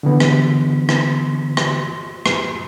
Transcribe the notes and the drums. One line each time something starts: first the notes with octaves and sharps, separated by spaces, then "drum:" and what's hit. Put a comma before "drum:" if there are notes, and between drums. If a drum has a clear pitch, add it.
D3 E3 B3
drum: rim click
drum: rim click
drum: rim click
drum: rim click